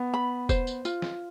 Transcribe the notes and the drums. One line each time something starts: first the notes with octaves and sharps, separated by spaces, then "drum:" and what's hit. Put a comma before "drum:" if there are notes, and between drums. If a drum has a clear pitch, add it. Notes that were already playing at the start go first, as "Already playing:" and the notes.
Already playing: B3
B5
C5, drum: kick, tambourine
drum: tambourine
F4, drum: tambourine
drum: snare